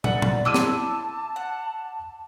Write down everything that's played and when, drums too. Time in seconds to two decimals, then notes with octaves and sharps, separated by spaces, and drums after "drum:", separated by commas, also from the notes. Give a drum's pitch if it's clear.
0.04 B4 D5 E5 F#5, drum: tom
0.22 drum: tom
0.45 E4 A5 C6 D6 E6 D#7
0.54 drum: snare
1.36 F#5